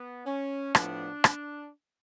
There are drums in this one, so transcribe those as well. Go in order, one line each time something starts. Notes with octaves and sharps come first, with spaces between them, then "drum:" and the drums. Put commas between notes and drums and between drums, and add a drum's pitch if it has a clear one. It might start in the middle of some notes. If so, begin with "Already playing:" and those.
Already playing: B3
C#4
A2 F3 B3 D4, drum: rim click
drum: rim click